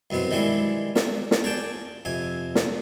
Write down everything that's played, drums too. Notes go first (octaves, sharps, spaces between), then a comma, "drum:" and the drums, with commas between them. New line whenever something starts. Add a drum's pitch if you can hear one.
C2 F#2 B2 B3 C4
D#3 E3 G3 G#3 D4 E4
E5, drum: snare
drum: snare
G#4 D5 G5 A5
F2 C3 G#5
drum: snare